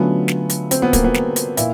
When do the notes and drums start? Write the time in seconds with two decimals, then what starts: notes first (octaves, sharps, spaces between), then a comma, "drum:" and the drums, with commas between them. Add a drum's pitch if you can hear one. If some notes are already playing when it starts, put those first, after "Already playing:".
Already playing: D3 F#3 A3 B3 C#4 F4
0.28 drum: snare
0.50 drum: hi-hat
0.71 C4, drum: hi-hat
0.82 B3
0.93 A#3, drum: kick, hi-hat
1.04 B3
1.14 drum: snare
1.36 drum: hi-hat
1.57 A#2 E4, drum: hi-hat